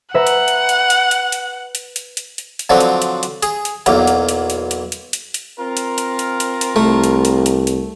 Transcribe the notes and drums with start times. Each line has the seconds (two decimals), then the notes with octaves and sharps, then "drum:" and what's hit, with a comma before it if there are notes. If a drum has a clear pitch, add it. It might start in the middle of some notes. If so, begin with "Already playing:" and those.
0.14 B4 E5 F#5 A#5
0.27 drum: hi-hat
0.48 drum: hi-hat
0.69 drum: hi-hat
0.90 drum: hi-hat
1.11 drum: hi-hat
1.32 drum: hi-hat
1.75 drum: hi-hat
1.96 drum: hi-hat
2.17 drum: hi-hat
2.38 drum: hi-hat
2.59 drum: hi-hat
2.70 D3 F3 F#3 C4 D4 F#4
2.80 drum: hi-hat
3.02 drum: hi-hat
3.23 drum: hi-hat
3.43 G#4, drum: hi-hat
3.65 drum: hi-hat
3.86 B1 E2 F#3 A#3, drum: hi-hat
4.07 drum: hi-hat
4.29 drum: hi-hat
4.50 drum: hi-hat
4.71 drum: hi-hat
4.92 drum: hi-hat
5.13 drum: hi-hat
5.34 drum: hi-hat
5.59 C4 F4 A#4
5.77 drum: hi-hat
5.98 drum: hi-hat
6.19 drum: hi-hat
6.40 drum: hi-hat
6.61 drum: hi-hat
6.76 C2 A3
7.04 drum: hi-hat
7.25 drum: hi-hat
7.46 drum: hi-hat
7.67 drum: hi-hat